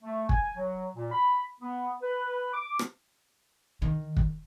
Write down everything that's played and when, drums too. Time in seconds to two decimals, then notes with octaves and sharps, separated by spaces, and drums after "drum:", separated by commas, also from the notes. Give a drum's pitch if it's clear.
0.03 A3
0.29 G#5, drum: kick
0.56 F#3
0.94 A#2
1.12 B5
1.60 B3
2.02 B4
2.53 D6
2.79 drum: rim click
3.82 D#3
4.17 drum: kick